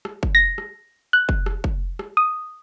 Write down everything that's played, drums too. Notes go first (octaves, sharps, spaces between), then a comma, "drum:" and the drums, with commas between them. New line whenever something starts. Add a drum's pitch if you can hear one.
drum: rim click
drum: kick
A#6
drum: rim click
F#6
drum: kick
drum: rim click
drum: kick
drum: rim click
D#6